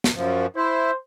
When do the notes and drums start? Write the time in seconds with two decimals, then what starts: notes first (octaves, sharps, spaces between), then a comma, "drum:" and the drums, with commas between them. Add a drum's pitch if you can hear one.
0.04 drum: snare
0.16 F#2 F3
0.56 E4 C5